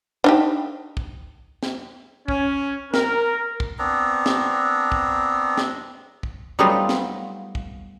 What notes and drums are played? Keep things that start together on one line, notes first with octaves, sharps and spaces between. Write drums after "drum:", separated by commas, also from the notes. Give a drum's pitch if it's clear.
D4 D#4 G4
drum: kick
drum: snare
C#4, drum: kick
A#4, drum: snare
drum: kick
B3 C4 D4 A#5
drum: snare
drum: kick
drum: snare
drum: kick
F#3 G3 A3 B3 D#4 F4
drum: snare
drum: kick